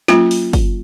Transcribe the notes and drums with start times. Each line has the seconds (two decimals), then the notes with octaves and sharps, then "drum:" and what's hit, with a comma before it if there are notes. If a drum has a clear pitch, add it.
0.08 F#3 A#3 C#4 F4, drum: snare
0.31 drum: open hi-hat
0.53 drum: kick, open hi-hat